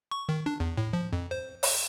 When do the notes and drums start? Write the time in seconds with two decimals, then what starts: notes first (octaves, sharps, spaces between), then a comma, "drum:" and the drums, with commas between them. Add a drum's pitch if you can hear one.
0.11 C#6
0.29 D#3
0.46 D4
0.60 E2
0.78 A2
0.93 F3
1.13 F2
1.31 C5
1.63 drum: open hi-hat